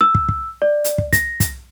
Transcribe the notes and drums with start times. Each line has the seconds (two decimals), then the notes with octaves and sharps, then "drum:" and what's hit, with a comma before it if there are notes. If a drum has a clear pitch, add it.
0.01 E6
0.15 drum: kick
0.29 drum: kick
0.62 D5
0.84 drum: hi-hat
0.98 drum: kick
1.13 A#6, drum: kick, hi-hat
1.40 drum: kick, hi-hat